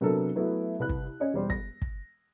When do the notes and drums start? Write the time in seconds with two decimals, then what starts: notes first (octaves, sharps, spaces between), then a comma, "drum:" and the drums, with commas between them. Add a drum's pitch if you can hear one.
0.01 C3 F#3 B3 D4 A4 A#4
0.35 F#3 A3 B3 E4 F#4
0.79 C2 B4 F#6
0.89 drum: kick
1.20 C#4 C#5 D#5
1.34 E1 G3 C5
1.50 A#6, drum: kick
1.82 drum: kick